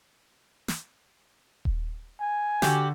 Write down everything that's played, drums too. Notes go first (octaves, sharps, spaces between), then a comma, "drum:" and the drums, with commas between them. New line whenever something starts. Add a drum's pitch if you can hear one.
drum: snare
drum: kick D#1
G#5
D3 F#4 G4, drum: snare